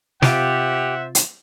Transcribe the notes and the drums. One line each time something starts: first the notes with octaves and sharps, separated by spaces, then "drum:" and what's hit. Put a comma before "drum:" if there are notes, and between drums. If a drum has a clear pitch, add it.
C3 F4 G4 C5 E5 F#5, drum: snare
drum: hi-hat